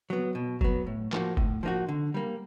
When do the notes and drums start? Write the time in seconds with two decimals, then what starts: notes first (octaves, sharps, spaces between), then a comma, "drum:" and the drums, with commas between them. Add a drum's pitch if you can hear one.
0.10 F#3 B3
0.35 B2
0.61 F#3 B3, drum: kick F1
0.87 A2
1.12 F3 A#3 D#4 F#4, drum: clap
1.37 A2, drum: kick F1
1.63 F3 A#3 D#4 F#4
1.88 D3
2.14 G3 A#3